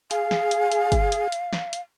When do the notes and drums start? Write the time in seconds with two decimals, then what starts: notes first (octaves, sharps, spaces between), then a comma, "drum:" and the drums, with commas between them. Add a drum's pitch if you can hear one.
0.11 G#4 F5, drum: hi-hat
0.31 drum: snare
0.51 drum: hi-hat
0.72 drum: hi-hat
0.92 drum: kick G1, hi-hat
1.12 drum: hi-hat
1.32 drum: hi-hat
1.53 drum: snare
1.73 drum: hi-hat